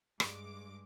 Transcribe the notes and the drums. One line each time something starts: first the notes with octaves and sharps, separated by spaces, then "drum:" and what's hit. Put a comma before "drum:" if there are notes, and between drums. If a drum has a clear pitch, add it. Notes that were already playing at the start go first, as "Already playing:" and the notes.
G2 G#3 D6, drum: rim click